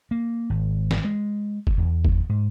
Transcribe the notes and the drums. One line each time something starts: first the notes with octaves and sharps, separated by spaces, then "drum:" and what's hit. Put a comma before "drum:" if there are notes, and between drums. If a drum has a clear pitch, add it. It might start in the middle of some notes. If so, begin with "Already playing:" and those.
A#3
G#1
drum: snare
G#3
drum: kick F#1
E2
drum: kick F#1
G#2